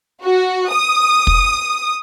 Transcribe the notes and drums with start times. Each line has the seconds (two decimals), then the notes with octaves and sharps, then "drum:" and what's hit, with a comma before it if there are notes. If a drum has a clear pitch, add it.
0.22 F#4
0.70 D#6
1.27 drum: kick